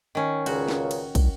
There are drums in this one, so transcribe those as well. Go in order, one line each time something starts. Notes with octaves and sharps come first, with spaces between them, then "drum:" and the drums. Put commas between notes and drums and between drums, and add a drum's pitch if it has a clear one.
D#3 C#4
C#2 A#2 C#3 F#4, drum: cymbal
drum: snare
drum: cymbal
C2, drum: kick, cymbal